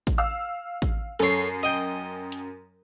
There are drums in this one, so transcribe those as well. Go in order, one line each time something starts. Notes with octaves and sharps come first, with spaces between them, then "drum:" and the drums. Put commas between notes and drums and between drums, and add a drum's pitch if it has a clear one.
drum: kick A1, hi-hat
F5 E6
drum: kick A1, hi-hat
F#2 A4 C#5 C7
D#5 G5
drum: hi-hat